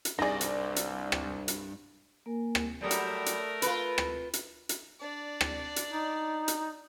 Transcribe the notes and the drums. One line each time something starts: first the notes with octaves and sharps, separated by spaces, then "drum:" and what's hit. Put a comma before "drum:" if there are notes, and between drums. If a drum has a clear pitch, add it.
drum: hi-hat
C2 G2 D#4 G#4 D5 A#6
drum: hi-hat
drum: hi-hat
drum: rim click
drum: hi-hat
A#3 A#4 G#5
drum: rim click
F#3 G3 A3 A#4 D5 D#6
drum: hi-hat
drum: hi-hat
F4 B4 B5, drum: hi-hat
drum: rim click
drum: hi-hat
drum: hi-hat
D4 D5
drum: rim click
drum: hi-hat
D#4
drum: hi-hat